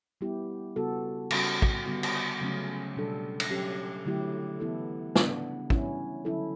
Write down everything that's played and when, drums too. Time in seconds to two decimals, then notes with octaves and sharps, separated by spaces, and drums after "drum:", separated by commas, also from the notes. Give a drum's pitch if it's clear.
0.21 G3 B3 E4 G4
0.76 C#3 G3 B3 F#4 A4
1.31 C#3 G3 C#4 F#4, drum: cymbal
1.62 drum: kick
1.86 D3 G3 B3 F#4
2.03 drum: cymbal
2.40 C#3 F#3 A3 C#4
2.96 B2 G3 D4 A4
3.40 drum: cymbal
3.51 F#3 C#4 G4
4.06 D3 F#3 A3 E4 G4
4.60 E3 B3 E4 A4
5.15 C#3 G3 B3 D4, drum: snare
5.70 E3 G3 C#4 E4, drum: kick
6.25 D3 F#3 C#4 E4 A4